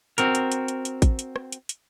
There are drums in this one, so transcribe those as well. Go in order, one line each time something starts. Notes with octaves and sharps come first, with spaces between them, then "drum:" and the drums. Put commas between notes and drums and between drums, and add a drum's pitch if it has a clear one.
C4 F#4 A#4, drum: hi-hat
drum: hi-hat
drum: hi-hat
drum: hi-hat
drum: hi-hat
drum: kick A1, hi-hat
drum: hi-hat
drum: rim click
drum: hi-hat
drum: hi-hat